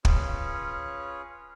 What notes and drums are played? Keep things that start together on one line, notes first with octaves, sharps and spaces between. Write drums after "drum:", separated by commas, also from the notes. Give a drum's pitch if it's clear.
C#4 F4 G#4 B4 C#5, drum: kick